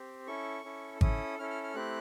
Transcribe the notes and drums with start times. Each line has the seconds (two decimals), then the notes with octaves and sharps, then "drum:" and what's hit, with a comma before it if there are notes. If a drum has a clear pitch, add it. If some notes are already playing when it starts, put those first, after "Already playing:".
Already playing: C4 G4
0.27 C#4 E4 A4 C#6
0.64 C#4 E4 A4
1.01 C#4 E4 A4 D#6, drum: kick G#1
1.39 C#4 E4 A4 F6
1.50 F6
1.63 F6
1.75 A3 C4 E4 G4 F#6